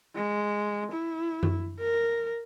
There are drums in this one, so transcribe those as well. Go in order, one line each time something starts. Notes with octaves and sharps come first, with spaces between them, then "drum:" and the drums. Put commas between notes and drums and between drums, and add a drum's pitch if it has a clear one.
G#3
E4
drum: tom F#2
A#4